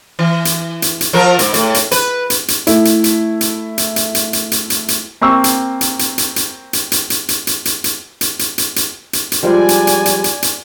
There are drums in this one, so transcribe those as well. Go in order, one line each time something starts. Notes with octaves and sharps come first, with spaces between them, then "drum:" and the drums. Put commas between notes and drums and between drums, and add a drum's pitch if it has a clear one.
E3
drum: hi-hat
drum: hi-hat
drum: hi-hat
F3 A#4
G#2, drum: hi-hat
A2, drum: hi-hat
drum: hi-hat
B4, drum: hi-hat
drum: hi-hat
drum: hi-hat
A3 E4, drum: hi-hat
drum: hi-hat
drum: hi-hat
drum: hi-hat
drum: hi-hat
drum: hi-hat
drum: hi-hat
drum: hi-hat
drum: hi-hat
drum: hi-hat
drum: hi-hat
A#3 C4 C#6 E6
drum: hi-hat
drum: hi-hat
drum: hi-hat
drum: hi-hat
drum: hi-hat
drum: hi-hat
drum: hi-hat
drum: hi-hat
drum: hi-hat
drum: hi-hat
drum: hi-hat
drum: hi-hat
drum: hi-hat
drum: hi-hat
drum: hi-hat
drum: hi-hat
drum: hi-hat
drum: hi-hat
F3 G3 G#3 D5 G#5
drum: hi-hat
drum: hi-hat
drum: hi-hat
drum: hi-hat
drum: hi-hat